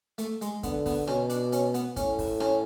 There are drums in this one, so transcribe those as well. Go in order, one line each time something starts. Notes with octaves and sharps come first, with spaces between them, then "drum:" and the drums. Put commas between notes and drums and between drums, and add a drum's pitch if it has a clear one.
A3, drum: hi-hat
G#3, drum: hi-hat
D3 B3, drum: kick, hi-hat
B3, drum: kick, open hi-hat
B2 C#4, drum: rim click
D4, drum: hi-hat
C#4, drum: hi-hat
B3, drum: hi-hat
A2 C#4, drum: kick, hi-hat
drum: kick, open hi-hat
C#4, drum: rim click